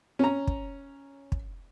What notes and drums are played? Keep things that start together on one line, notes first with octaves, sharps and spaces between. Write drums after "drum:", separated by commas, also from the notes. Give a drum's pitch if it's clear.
C#4 A#5
drum: kick
drum: kick